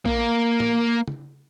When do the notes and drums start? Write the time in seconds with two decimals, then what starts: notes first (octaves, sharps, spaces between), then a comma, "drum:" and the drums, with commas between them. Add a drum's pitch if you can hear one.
0.06 A#3, drum: kick
0.60 drum: tom A2
1.08 drum: tom